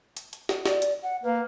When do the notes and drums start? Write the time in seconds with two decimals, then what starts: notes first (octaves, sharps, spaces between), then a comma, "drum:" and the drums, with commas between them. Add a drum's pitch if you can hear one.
0.17 drum: hi-hat
0.33 drum: hi-hat
0.49 drum: snare
0.66 D5, drum: snare
0.82 drum: hi-hat
1.03 F#5
1.23 A#3 B4